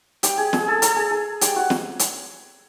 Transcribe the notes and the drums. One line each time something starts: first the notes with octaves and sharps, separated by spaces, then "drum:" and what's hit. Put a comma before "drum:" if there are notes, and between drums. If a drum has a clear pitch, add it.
G4, drum: hi-hat
G#4
G#4, drum: snare
A4
A4, drum: hi-hat
G#4
G#4
G4, drum: hi-hat
F#4
drum: snare
drum: hi-hat